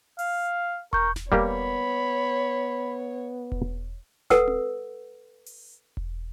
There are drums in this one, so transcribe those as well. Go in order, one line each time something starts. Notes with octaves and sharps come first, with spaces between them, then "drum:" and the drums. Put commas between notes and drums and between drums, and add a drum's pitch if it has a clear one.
F5, drum: open hi-hat
A#4 C#6 G6, drum: kick E1
drum: snare D#1
G3 A#3 B3 G4 C#5 B5, drum: kick E1
drum: kick E1
A4 B4 F#5 E6, drum: snare D#1
drum: tom C4
drum: open hi-hat
drum: kick E1